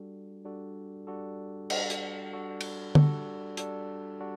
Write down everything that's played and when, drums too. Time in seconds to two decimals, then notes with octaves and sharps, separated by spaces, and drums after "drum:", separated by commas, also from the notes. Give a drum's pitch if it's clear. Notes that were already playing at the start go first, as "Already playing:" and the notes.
Already playing: G3 D4 F#4 A4
0.45 G3 D4 F#4 A4
1.07 G3 D4 F#4 A4
1.70 G3 D4 F#4 A4, drum: cymbal
1.90 drum: hi-hat
2.33 G3 D4 F#4 A4
2.61 drum: cymbal
2.95 G3 D4 F#4 A4, drum: tom D3
3.57 G3 D4 F#4 A4, drum: hi-hat
4.20 G3 D4 F#4